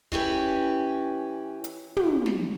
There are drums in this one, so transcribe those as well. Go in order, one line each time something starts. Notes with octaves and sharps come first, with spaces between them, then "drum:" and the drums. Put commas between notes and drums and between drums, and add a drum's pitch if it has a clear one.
E3 C#4 G4 B4, drum: kick
drum: hi-hat
drum: tom
drum: snare